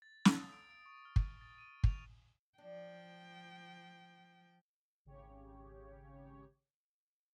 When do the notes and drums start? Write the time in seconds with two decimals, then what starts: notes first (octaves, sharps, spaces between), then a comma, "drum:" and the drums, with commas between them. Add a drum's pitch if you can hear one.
0.02 A6
0.25 A6, drum: snare
0.39 D#6
0.52 D7
0.70 D7
0.86 C#6
1.05 F6
1.16 drum: kick
1.41 A6
1.58 D#7
1.84 F7, drum: kick
2.58 F3 D4 G5
5.05 G#1 C#3 G4 C#5